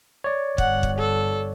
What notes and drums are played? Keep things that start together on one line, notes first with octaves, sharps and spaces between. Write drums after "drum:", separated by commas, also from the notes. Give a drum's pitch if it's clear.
C#5 D5
G1 F#5, drum: kick
drum: kick
A4